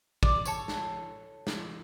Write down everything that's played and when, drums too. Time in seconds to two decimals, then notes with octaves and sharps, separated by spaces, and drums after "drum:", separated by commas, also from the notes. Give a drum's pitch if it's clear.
0.23 D5, drum: kick
0.45 A4 C#5, drum: tambourine
0.68 drum: snare
1.47 drum: snare